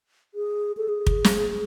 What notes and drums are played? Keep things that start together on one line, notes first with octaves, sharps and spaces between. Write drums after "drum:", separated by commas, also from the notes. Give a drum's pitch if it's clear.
G#4
A4
G#4
drum: kick
drum: snare